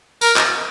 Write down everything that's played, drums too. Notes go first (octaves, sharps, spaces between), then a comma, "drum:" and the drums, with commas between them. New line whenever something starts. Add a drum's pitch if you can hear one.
A#4, drum: tambourine
drum: clap